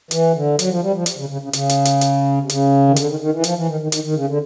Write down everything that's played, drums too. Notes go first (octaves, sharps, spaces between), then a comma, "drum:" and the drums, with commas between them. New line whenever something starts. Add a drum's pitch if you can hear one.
E3, drum: hi-hat
D3
F#3, drum: hi-hat
F3
G3
F3
drum: hi-hat
C#3
C#3
C#3
C#3, drum: hi-hat
drum: hi-hat
drum: hi-hat
drum: hi-hat
C3
C#3, drum: hi-hat
D#3
D3, drum: hi-hat
D#3
D#3
E3
F3, drum: hi-hat
E3
D#3
D#3
D#3, drum: hi-hat
D#3
C#3
D3